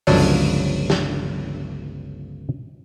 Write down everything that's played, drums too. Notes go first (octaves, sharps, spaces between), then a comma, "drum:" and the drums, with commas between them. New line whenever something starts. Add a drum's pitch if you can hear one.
G1 C#2 F3 F#3 D4 A4, drum: open hi-hat
drum: snare